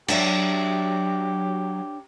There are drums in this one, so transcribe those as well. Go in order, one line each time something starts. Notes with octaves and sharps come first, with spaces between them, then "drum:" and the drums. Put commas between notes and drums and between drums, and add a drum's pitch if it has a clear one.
F#3 D4 G4 C#5 E5, drum: cymbal